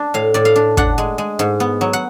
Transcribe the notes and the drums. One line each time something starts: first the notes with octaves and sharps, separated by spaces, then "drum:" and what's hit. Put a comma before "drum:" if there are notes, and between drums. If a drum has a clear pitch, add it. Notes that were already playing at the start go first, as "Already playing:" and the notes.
Already playing: D4
A2 F5
A2 D5
F5
D4
D4 F#5, drum: kick
G#3
G#3
G#2
B3
F#3
F#5